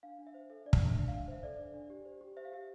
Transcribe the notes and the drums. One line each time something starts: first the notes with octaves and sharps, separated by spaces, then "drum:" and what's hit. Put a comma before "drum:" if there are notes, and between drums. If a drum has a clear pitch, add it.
D4 F5
D4
E5
C5
A4 E5
D4 D5
E5, drum: kick
D4
D4 E5
F5
D4
C5 E5
A4 D5
D4
D4
G4
C5
G4
C5 E5
F5
G4 E5